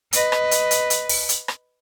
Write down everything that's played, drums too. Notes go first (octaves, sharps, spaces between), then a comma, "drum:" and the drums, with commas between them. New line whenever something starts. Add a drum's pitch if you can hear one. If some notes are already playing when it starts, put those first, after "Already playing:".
B4 D#5, drum: hi-hat
drum: rim click
drum: hi-hat
drum: hi-hat
drum: hi-hat
drum: open hi-hat
drum: hi-hat
drum: rim click